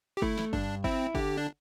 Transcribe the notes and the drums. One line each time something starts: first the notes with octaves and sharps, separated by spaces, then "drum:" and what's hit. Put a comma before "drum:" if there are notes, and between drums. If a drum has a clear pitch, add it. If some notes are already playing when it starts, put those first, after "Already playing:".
G4
A3 E4, drum: kick G1
drum: snare
G2 D4, drum: kick G1
C4 E4, drum: kick G1
D3 G4, drum: kick G1
D4